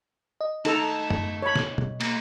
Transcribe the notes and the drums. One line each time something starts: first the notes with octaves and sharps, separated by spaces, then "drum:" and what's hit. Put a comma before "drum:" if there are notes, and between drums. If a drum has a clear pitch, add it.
D#5
A3 D#4 A4 A5 A#5, drum: cymbal
drum: tom F#2
C#5 B5
drum: snare
drum: tom B2
A#3, drum: cymbal